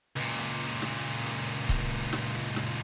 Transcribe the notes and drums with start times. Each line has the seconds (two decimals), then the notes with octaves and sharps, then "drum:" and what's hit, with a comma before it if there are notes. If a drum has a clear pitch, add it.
0.17 C#2 A#2
0.38 drum: hi-hat
0.82 drum: snare
1.25 drum: hi-hat
1.69 drum: kick C#1, hi-hat
2.13 drum: snare
2.56 drum: snare